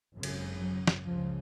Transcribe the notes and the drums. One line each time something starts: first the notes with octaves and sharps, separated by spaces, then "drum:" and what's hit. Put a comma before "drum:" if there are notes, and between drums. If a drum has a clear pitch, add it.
G#1 F#2 C#3
drum: cymbal
F#3
drum: snare
C#2 C#3 F3